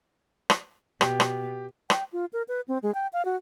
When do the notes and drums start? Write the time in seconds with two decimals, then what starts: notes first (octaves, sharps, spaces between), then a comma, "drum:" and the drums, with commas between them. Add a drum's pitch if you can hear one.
0.50 drum: rim click
1.01 B2 G4, drum: rim click
1.20 drum: rim click
1.90 G5, drum: rim click
2.13 F4
2.33 A#4
2.48 B4
2.68 C4
2.83 G#3
2.94 G5
3.13 F5
3.25 F#4